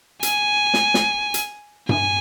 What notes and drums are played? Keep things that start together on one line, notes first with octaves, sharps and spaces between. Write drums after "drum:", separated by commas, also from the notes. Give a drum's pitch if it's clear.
G#5, drum: hi-hat
drum: snare
drum: snare
drum: hi-hat
G#5, drum: tom G2